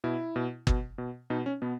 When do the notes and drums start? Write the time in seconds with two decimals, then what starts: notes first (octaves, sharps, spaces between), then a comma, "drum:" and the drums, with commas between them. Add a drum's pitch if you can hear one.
0.04 B2 E4
0.36 B2
0.67 B2, drum: kick
0.98 B2
1.30 B2 D#4
1.46 C#4
1.62 B2 B3